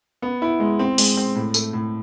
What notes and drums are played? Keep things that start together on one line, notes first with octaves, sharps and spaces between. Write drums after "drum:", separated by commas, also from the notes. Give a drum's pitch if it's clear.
B3
E4
G#3
C4
G#3, drum: open hi-hat
C4
A2
A3, drum: tambourine
A2